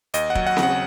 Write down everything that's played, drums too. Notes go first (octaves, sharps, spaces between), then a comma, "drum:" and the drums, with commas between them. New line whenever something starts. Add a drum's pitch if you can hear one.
D#2 D#5, drum: hi-hat
F#5
F#3, drum: kick
F#5
C#3, drum: snare C4
F#5